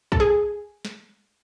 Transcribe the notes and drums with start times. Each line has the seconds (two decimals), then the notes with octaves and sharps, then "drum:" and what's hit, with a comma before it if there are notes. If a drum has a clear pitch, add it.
0.12 A4, drum: kick
0.20 G#4
0.85 drum: snare